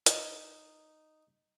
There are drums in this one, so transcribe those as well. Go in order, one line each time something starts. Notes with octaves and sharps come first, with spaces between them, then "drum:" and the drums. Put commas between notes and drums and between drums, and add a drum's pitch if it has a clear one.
D#4, drum: hi-hat